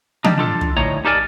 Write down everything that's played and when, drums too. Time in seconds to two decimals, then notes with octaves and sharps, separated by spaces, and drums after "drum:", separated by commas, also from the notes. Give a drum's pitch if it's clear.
0.24 G3 G#3 D4 D#4, drum: tom
0.38 D4 F4 A4
0.61 drum: tom
0.77 D2 A2 D#4 C#5 A#5
1.05 D#4 G4 A4 A#4 D5 G#5